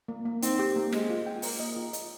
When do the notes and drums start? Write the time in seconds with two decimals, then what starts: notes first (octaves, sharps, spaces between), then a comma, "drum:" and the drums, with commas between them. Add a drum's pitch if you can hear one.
0.08 A#3
0.25 A#3
0.42 C4 D#4, drum: hi-hat
0.59 G4
0.76 A#3
0.92 G#3 D#5, drum: snare
1.10 F4
1.26 G5
1.42 A#3 C5, drum: open hi-hat
1.60 D#5
1.76 F4
1.93 D#5, drum: hi-hat